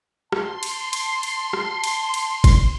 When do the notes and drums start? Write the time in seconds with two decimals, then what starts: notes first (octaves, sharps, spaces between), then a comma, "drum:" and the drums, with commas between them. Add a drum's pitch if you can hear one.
0.32 A5 C6, drum: rim click
0.63 drum: cymbal
0.93 drum: cymbal
1.23 drum: cymbal
1.53 drum: rim click
1.84 drum: cymbal
2.14 drum: cymbal
2.44 drum: kick G1, cymbal